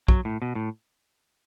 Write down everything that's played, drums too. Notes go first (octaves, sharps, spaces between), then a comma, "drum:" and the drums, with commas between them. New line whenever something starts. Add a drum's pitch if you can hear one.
F#3, drum: kick
A2
B2
A2